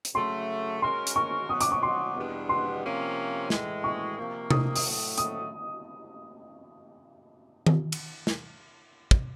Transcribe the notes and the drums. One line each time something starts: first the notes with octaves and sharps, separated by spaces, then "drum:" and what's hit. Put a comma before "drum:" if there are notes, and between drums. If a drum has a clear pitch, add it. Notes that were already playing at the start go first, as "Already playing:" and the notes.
drum: hi-hat
C#3 F#3 A3 C6
G#3 C#4 F#4 A#4 C6
drum: hi-hat
C#6
B2 F#3 B3 D#6
D6, drum: hi-hat
C#6
C6
E2 B2 G3 B3 D4
C6
C3 F3 A#3 C#4
A2 E3 G#3, drum: snare
C#6
C3 F3 A#3
D#6, drum: tom C3
D#6, drum: open hi-hat
A2 F#3 A3
D#6, drum: hi-hat
drum: tom D#3
drum: cymbal
drum: snare
drum: kick